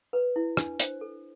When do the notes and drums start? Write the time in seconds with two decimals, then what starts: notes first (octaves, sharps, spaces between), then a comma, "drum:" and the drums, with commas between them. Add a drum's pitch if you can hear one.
0.13 B4
0.36 E4
0.57 D4, drum: rim click
0.80 C5, drum: hi-hat
1.01 A4